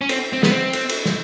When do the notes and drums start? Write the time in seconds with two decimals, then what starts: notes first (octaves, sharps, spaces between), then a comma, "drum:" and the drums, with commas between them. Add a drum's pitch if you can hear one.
0.01 C#4
0.09 C4, drum: cymbal
0.33 C4
0.43 B3, drum: snare
0.52 C4
0.73 drum: cymbal
0.89 drum: cymbal
1.06 drum: snare